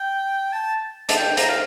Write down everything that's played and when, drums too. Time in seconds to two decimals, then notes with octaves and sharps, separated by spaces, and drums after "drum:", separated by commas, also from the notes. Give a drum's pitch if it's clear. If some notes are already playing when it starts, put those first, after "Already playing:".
Already playing: G5
0.53 A5
1.09 A5, drum: hi-hat
1.16 G5
1.37 A#5, drum: hi-hat
1.49 F5